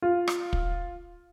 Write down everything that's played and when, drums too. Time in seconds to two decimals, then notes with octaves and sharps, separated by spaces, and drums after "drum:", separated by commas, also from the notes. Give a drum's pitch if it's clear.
0.02 F4
0.28 drum: rim click
0.53 drum: kick